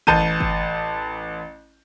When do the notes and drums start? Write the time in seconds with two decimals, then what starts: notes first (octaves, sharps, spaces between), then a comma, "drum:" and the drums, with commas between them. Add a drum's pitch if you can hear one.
0.07 A1 A5 G6 D#7, drum: kick G1
0.40 drum: kick G1